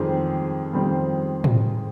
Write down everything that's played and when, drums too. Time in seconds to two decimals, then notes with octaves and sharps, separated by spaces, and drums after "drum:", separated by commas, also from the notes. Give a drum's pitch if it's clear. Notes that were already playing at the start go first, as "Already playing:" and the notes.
Already playing: F2 D#3 G3 C4 G4 G#4
0.73 F2 D#3 G3 C4
1.44 drum: tom